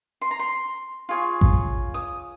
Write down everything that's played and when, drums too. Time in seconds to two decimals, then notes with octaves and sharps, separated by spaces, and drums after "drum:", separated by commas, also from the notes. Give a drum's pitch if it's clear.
0.21 C6
0.31 A#5
0.39 C6
1.09 F4 G#4 C#5
1.41 drum: kick A1
1.94 D#6